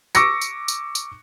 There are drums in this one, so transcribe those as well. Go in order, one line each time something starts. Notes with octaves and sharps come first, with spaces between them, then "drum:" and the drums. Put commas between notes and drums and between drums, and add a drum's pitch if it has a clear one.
C#6 D6 E6 A#6 C#7, drum: tambourine
drum: tambourine
drum: tambourine
drum: tambourine